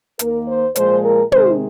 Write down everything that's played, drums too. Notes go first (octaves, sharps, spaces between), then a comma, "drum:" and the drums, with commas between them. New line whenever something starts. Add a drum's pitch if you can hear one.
D#2 D#3 A#3 A#4, drum: hi-hat
C5
A#2 F3 G#3 C5, drum: hi-hat
A#4
C3 D#3 G#3 C5, drum: tom